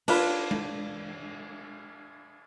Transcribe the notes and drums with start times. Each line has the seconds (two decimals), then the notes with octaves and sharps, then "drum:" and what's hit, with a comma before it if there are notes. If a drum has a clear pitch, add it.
0.08 D4 F4 B4, drum: cymbal
0.51 drum: tom G#3